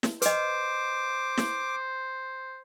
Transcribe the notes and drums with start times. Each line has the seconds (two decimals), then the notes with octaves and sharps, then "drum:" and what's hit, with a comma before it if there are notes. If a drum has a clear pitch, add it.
0.03 drum: snare
0.22 B4 C5 D#5 D6, drum: hi-hat
1.37 drum: snare